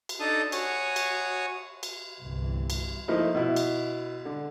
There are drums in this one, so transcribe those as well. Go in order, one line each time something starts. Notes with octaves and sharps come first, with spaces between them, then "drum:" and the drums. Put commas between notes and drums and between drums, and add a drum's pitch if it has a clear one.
drum: cymbal
D4 D#4 A4 A5 D#6
F#4 C#5 G#5 C#6 D#6, drum: cymbal
drum: cymbal
drum: cymbal
G1 C2 C3 E3
drum: cymbal
F3 A3 A#3 D#4 E4
B2 E4
drum: cymbal
D3